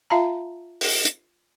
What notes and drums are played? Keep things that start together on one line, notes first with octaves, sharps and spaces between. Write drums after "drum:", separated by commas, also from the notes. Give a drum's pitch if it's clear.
F4 E5 F5 A5 A#5
drum: open hi-hat
drum: hi-hat